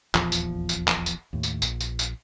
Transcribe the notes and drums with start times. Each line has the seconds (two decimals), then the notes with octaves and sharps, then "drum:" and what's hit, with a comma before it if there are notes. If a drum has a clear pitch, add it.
0.15 D#1 A#1 E2 F3, drum: clap
0.32 drum: tambourine
0.69 drum: tambourine
0.88 drum: clap
1.06 drum: tambourine
1.33 D#2 A2
1.43 drum: tambourine
1.62 A#1, drum: tambourine
1.80 drum: tambourine
1.99 drum: tambourine